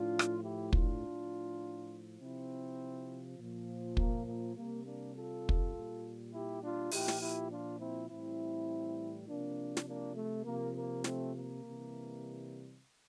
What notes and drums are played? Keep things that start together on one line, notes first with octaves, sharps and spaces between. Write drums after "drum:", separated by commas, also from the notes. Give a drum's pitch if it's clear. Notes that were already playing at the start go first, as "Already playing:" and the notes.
Already playing: A2 F3 D4 F4
drum: rim click
E4 G4
D4 F4, drum: kick
A2 F3
C3 F3 C4 E4
A#2 F3
A#3, drum: kick
A#3
C3 G3 A#3
A#3 D4
F4 A4
drum: kick
A#2 G3
E4 G4
D4 F4
A#2 F3 E4 G4, drum: open hi-hat
drum: snare
E4 G4
D4 F4
C4 E4
A2 E3 G3 C4 E4
C3 F3 A#3 D4
drum: snare
A#3 D4
A3
C3 F3 A#3
A#3
A3 C4, drum: snare
A#3
C3 E3 G3